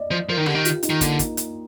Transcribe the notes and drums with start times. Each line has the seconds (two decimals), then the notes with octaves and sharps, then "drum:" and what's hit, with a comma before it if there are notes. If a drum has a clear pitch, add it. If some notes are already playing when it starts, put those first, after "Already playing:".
Already playing: D5 D#5
0.11 F3
0.29 F3 A#4
0.37 D#3
0.46 D3 G4, drum: rim click
0.55 D#3
0.65 F4, drum: hi-hat
0.83 D#4, drum: hi-hat
0.90 D#3
1.01 D3 A#3, drum: kick, hi-hat
1.19 drum: kick, hi-hat
1.37 drum: hi-hat